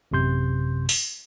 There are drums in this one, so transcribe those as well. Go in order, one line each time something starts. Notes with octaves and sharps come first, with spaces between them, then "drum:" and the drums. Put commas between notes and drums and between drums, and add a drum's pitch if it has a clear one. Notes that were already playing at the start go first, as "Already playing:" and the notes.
A1 F#2 C3 C6 G6
drum: open hi-hat